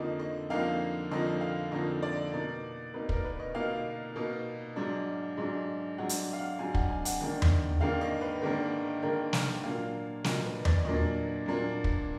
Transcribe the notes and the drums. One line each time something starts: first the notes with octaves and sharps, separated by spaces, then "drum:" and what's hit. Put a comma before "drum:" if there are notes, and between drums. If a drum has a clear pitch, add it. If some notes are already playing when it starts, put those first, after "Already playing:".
Already playing: F2 D3 F3 A#3 D#4 D#5
D#5
F2 D3 F3 A#3 D#4 F5
F2 D3 F3 A#3 D#4 D#5
F5
F2 D3 F3 A#3 D#4 D#5
D5
B2 A#3 D#4
B2 A#3 D#4 B4
A#4, drum: kick
B4
D#5
B2 A#3 D#4 F5
B2 A#3 D#4
G#2 F#3 D4
G#2 F#3 D4
G#2 F#3 D4 F#5
drum: hi-hat
F5
F#5
G#2 F#3 D4 G#5
F#5, drum: kick
G#5
F#5, drum: hi-hat
G#2 D#3 A#3 D4
drum: tom E2
G#2 D#3 A#3 D4 F5
D#5
B4
G#2 D#3 A#3 D4 A#4
G#2 D#3 A#3 D4 A#4
A#4, drum: snare
A#2 F#3 A#3 D4 F5
A#2 F#3 A#3 D4 D#5, drum: snare
B4
D5, drum: tom E2
A#2 F#3 A#3 D4 D#5
A#2 F#3 A#3 D4
drum: kick